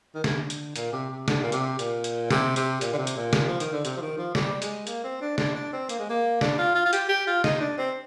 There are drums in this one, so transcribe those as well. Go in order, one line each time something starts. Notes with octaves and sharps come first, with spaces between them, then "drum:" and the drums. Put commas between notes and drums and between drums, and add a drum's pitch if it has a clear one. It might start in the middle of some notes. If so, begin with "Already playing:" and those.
D#3
D3, drum: snare
drum: hi-hat
A#2, drum: hi-hat
C3
C3
D3, drum: snare
A#2
C3, drum: hi-hat
A#2, drum: hi-hat
drum: hi-hat
C3, drum: snare
C3, drum: hi-hat
A#2, drum: hi-hat
D3
C3
drum: hi-hat
A#2
drum: snare
F3
D#3, drum: hi-hat
D3
C3, drum: hi-hat
F3
D#3
F3
G3, drum: snare
G#3, drum: hi-hat
A#3, drum: hi-hat
C4
D4
D4, drum: snare
D4
C4
A#3, drum: hi-hat
G#3
A#3
D4, drum: snare
F4
F4
F4
G4, drum: hi-hat
G4
F4
D#4, drum: snare
D4
C4